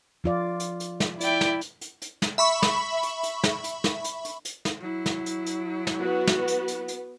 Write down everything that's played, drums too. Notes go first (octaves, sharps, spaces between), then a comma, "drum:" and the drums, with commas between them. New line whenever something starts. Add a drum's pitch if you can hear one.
F3 F4 D5
drum: hi-hat
drum: hi-hat
drum: snare
E4 D5 G5, drum: hi-hat
drum: snare
drum: hi-hat
drum: hi-hat
drum: hi-hat
drum: snare
E5 B5 C#6
drum: snare
drum: hi-hat
drum: hi-hat
drum: snare
drum: hi-hat
drum: snare
drum: hi-hat
drum: hi-hat
drum: hi-hat
drum: snare
F#3 E4
drum: snare
drum: hi-hat
drum: hi-hat
drum: snare
B3 F#4 B4
drum: snare
drum: hi-hat
drum: hi-hat
drum: hi-hat